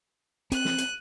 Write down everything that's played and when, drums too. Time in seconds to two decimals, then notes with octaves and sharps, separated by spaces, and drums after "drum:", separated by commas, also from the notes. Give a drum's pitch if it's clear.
0.52 C4 F#6 D#7, drum: hi-hat
0.65 drum: snare
0.78 drum: hi-hat